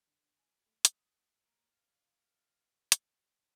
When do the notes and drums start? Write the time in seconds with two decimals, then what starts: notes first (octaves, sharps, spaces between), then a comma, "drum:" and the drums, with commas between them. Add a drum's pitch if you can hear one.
0.07 D3
0.37 G#5
0.66 A3
0.85 D#6, drum: hi-hat
1.47 A#3
1.71 F5
2.92 drum: hi-hat